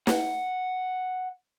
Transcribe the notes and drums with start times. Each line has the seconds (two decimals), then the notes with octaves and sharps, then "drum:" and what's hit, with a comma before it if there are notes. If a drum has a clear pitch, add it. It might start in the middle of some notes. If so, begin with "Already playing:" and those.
0.07 F#5, drum: snare